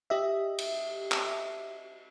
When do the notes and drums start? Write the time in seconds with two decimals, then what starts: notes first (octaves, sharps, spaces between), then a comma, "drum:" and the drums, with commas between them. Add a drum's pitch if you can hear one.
0.10 G4 D#5 E5
0.58 drum: cymbal
1.12 drum: clap